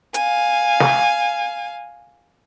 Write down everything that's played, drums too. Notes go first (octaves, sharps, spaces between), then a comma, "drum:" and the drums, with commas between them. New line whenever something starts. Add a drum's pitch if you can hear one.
F5 G#5, drum: hi-hat
drum: snare